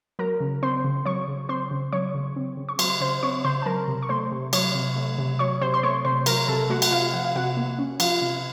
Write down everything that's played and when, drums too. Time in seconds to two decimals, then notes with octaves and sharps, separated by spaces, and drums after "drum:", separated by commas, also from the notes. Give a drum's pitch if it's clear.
0.19 F#3 A#4 A#5
0.40 C#3
0.63 C4 C5 C6
0.84 C#3
1.05 F#3 C#5 C#6
1.28 C#3
1.49 C4 C5 C6
1.71 C#3
1.93 F#3 C#5 C#6
2.15 C#3
2.36 C4
2.57 C#3
2.69 C#6
2.79 F#3 C5 C6, drum: cymbal
3.01 C#3 C5 C6
3.23 C4 C#5 C#6
3.44 C#3 C5 C6
3.62 A5
3.66 F#3 A#4 A#5
3.88 C3
4.03 C#6
4.09 A3 C5 C6
4.32 C3
4.53 F#3 C#5 C#6, drum: cymbal
4.75 C3
4.96 A3
5.19 C3
5.39 F#3 C#5 C#6
5.61 C3 C5 C6
5.74 C6
5.83 A3 C#5 C#6
6.05 C3 C5 C6
6.26 F#3 A#4 A#5, drum: cymbal
6.48 C3 A4 A5
6.70 A3 F#4 F#5
6.82 F#5, drum: cymbal
6.91 C3 F4 F5
7.14 F3 F#5
7.24 F5
7.35 C3 F#4 F#5
7.57 A#3
7.79 C#4
8.00 F3 F4 F5, drum: cymbal
8.22 C3